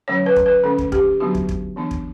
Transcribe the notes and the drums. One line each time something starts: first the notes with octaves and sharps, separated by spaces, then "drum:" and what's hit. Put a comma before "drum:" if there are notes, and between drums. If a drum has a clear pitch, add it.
D3 F#3 A3 C#4 C#5
B4
drum: kick
B4
D3 A3 C#4 A4
drum: kick
G4, drum: kick
D3 F#3 B3 D4 F#4
drum: kick
drum: kick
E3 B3 D4
drum: kick